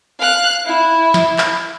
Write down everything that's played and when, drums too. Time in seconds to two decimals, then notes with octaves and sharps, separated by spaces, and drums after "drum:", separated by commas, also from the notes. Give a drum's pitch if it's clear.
0.20 F5 F#6
0.65 E4
1.14 drum: snare
1.38 drum: clap